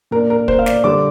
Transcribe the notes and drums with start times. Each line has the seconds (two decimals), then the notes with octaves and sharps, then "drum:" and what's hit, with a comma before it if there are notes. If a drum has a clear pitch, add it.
0.11 A#2 A#3 D4 A#4
0.30 A#4
0.48 C5, drum: kick
0.59 F5
0.66 D5, drum: snare
0.84 D3 G3 D4 D6